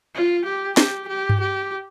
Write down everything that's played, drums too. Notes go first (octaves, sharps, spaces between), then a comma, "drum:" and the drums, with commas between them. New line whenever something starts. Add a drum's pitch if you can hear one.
F4
G4
G4, drum: snare
G4
drum: tom G2
G4